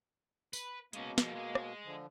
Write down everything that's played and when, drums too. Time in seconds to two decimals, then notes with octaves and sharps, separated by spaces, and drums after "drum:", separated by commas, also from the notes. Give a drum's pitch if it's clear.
0.53 B4, drum: tambourine
0.93 B2 G#3 A#3 C#4, drum: hi-hat
1.18 F3 G#3, drum: snare
1.36 G#3 G#4
1.55 drum: rim click
1.85 D3 F3